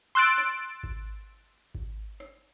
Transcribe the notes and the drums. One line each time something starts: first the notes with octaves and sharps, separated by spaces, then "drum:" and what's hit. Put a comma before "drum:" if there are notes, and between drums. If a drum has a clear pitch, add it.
C6 E6 F#6 A6 D7
drum: rim click
drum: kick G#1
drum: kick G#1
drum: rim click